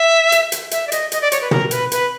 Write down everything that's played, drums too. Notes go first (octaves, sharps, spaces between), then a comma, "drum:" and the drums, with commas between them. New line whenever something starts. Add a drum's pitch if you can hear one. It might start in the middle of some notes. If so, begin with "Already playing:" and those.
Already playing: E5
drum: hi-hat
drum: hi-hat
E5, drum: hi-hat
D5
D#5, drum: hi-hat
D#5, drum: hi-hat
D5
C#5, drum: hi-hat
B4
A#4, drum: tom
B4, drum: hi-hat
B4, drum: hi-hat